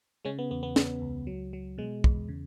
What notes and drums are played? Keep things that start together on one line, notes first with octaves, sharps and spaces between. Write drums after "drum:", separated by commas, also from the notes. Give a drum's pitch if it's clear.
C#3 G#3 C#4
B3
E2 B3
B3
C#3, drum: snare
C#2
F#3
F#3
B2 G#3
E2, drum: kick
C#3